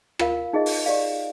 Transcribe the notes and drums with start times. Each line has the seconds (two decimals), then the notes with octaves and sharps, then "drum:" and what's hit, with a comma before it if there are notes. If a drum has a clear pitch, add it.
0.19 F4 A#4 F5, drum: rim click
0.53 D#4 G#4 D#5
0.66 drum: open hi-hat
0.86 G4 D5 F5